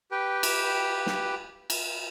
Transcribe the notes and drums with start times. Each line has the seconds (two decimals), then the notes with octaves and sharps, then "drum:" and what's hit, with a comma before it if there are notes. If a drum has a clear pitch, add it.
0.11 G4 B4 G5
0.43 drum: cymbal
1.06 drum: snare
1.70 drum: cymbal